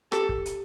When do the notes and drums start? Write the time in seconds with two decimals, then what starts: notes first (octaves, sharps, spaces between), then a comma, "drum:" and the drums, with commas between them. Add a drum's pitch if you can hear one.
0.12 G4 A4, drum: rim click
0.29 drum: kick
0.46 drum: hi-hat